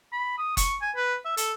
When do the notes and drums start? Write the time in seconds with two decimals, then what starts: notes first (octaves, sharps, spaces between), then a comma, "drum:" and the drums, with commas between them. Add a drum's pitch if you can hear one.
0.13 B5
0.38 D#6
0.57 C#6, drum: kick F#1, hi-hat
0.82 G#5
0.96 B4
1.25 E5
1.37 A4, drum: hi-hat